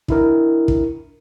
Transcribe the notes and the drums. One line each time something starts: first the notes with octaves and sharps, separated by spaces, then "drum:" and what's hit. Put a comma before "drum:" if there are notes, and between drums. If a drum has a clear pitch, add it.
D4 E4 A#4, drum: kick
drum: kick